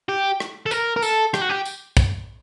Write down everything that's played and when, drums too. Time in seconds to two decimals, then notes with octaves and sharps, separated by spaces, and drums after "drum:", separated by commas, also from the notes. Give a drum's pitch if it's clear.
0.09 G4
0.40 drum: rim click
0.66 A4
0.71 A#4, drum: tambourine
0.96 A#4
1.02 A4, drum: tambourine
1.34 G4, drum: rim click
1.42 F#4
1.49 G4
1.65 drum: tambourine
1.97 drum: kick, tambourine